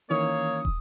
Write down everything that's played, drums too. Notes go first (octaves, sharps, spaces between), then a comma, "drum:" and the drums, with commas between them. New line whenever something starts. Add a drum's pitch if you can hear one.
D#3 E3 A#3 C#4 C#5 D#6
drum: kick